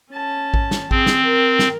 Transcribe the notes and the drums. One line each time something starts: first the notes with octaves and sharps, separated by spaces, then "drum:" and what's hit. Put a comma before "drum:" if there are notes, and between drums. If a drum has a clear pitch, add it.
C#4 A5
drum: kick A1
drum: snare
C4 G#4, drum: kick A1
drum: snare
A#4
drum: snare